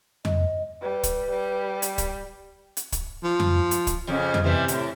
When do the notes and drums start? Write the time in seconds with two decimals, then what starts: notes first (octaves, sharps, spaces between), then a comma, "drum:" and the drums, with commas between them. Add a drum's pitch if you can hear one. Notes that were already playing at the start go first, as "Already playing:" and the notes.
0.25 D#5, drum: tom F2
0.82 G3 B4
1.03 drum: kick, hi-hat
1.30 G3
1.82 drum: hi-hat
1.98 drum: kick, hi-hat
2.77 drum: hi-hat
2.92 drum: kick, hi-hat
3.23 F3
3.40 drum: tom F2
3.71 drum: hi-hat
3.87 drum: kick, hi-hat
4.07 F2 C#3
4.34 drum: tom F2
4.44 C3 E3 G3
4.68 E2 A2, drum: hi-hat